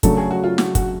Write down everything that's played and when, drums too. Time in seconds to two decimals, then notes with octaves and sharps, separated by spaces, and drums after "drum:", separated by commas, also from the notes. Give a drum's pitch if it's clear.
0.03 C#3 F#3 A3 D4 A4, drum: kick, hi-hat
0.17 G#4
0.31 F#4
0.44 F4
0.58 F#4, drum: snare
0.75 F#4, drum: kick, hi-hat